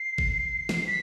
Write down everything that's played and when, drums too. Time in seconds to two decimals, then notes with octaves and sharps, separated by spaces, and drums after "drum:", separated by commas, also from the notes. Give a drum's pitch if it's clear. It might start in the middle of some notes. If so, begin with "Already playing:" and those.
Already playing: C7
0.18 drum: kick
0.69 drum: snare
0.87 B6